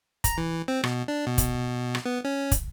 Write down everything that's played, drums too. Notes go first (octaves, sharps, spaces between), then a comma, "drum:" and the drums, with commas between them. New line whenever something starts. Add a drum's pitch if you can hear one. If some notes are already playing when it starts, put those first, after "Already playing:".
A#5, drum: kick, hi-hat
E3
C4
B2, drum: rim click
D4
B2
drum: kick, hi-hat
drum: rim click
B3
C#4
drum: kick, hi-hat